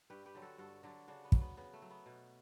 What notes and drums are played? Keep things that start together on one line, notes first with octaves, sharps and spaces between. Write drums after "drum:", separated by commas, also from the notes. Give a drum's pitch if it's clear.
G2 G4 B4
G4 B4
D3 F#3
F#4 A4
G2 F#4 A4
D3 F#3 D4 F#4
C#3 D4 F#4
B3
F#3, drum: kick
B3
C#3 B3
A3
F#3
B3
B2